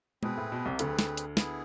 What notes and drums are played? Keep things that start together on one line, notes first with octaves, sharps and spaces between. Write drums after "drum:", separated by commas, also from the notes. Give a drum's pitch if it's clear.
B2 C4 G#4 B4, drum: tom G#3
A2
B2
C2 C3
D2 D3 C4 G#4 B4, drum: hi-hat
drum: snare
drum: hi-hat
B3 E4 G#4, drum: snare